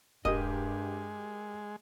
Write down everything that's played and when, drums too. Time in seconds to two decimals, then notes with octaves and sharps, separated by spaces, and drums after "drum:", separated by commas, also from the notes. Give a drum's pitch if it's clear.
0.25 G2 G#3 G4 A#4 D#5, drum: kick D#1